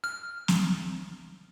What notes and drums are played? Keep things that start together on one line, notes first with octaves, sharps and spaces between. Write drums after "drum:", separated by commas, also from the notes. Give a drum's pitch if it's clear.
F6
drum: snare